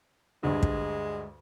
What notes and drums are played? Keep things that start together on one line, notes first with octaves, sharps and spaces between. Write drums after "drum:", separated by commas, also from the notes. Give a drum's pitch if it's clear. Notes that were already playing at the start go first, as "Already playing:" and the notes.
D2 G2 G#3
drum: kick